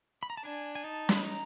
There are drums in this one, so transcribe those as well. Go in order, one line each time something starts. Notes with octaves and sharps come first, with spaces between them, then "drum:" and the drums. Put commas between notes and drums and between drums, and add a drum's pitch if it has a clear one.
B5
A#5
A5
D4 G#5
G#5
D#4 A5
C6, drum: snare
B5
A#5